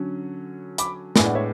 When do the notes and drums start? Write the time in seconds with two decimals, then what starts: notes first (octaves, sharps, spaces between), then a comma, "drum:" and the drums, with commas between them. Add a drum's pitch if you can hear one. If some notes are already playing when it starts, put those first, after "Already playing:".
Already playing: D3 F#3 C#4
0.78 B5 D6, drum: hi-hat
1.16 A2 G#3 B3 D4 G#5 B5, drum: snare
1.26 D5 F#5
1.35 C#5 E5